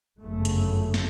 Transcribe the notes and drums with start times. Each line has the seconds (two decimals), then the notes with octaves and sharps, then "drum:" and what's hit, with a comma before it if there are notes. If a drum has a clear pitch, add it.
0.21 G1 F#2 C#3 A3
0.45 drum: hi-hat
0.94 drum: snare